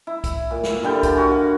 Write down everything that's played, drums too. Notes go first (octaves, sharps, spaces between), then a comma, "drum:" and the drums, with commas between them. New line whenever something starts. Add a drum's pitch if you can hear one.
E4
drum: kick C2, hi-hat
A#2
drum: snare
D3 G3 G5
drum: kick C2, hi-hat
F#4 F5 G#5